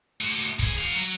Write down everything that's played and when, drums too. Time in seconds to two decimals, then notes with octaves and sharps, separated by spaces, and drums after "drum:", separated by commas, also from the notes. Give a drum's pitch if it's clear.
0.21 A3 F#4
0.59 C#2 G#4, drum: kick
0.78 F#4 F5
0.95 F#3